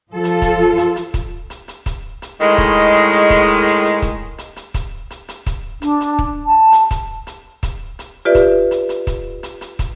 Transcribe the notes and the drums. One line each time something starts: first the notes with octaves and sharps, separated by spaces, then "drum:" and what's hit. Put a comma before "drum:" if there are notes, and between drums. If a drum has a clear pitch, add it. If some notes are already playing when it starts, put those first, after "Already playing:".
F3 F4 A4
drum: hi-hat
drum: kick, hi-hat
drum: hi-hat
drum: hi-hat
drum: kick, hi-hat
drum: hi-hat
drum: hi-hat
drum: kick, hi-hat
drum: hi-hat
A2 D#3 G#3, drum: hi-hat
drum: kick, hi-hat
drum: hi-hat
drum: hi-hat
drum: kick, hi-hat
drum: hi-hat
drum: hi-hat
drum: kick, hi-hat
drum: hi-hat
drum: hi-hat
drum: kick, hi-hat
drum: hi-hat
drum: hi-hat
drum: kick, hi-hat
D4, drum: hi-hat
drum: hi-hat
drum: kick
A5
drum: hi-hat
drum: kick, hi-hat
drum: hi-hat
drum: kick, hi-hat
drum: hi-hat
F4 G4 B4 D5 E5
drum: kick, hi-hat
drum: hi-hat
drum: hi-hat
drum: kick, hi-hat
drum: hi-hat
drum: hi-hat
drum: kick, hi-hat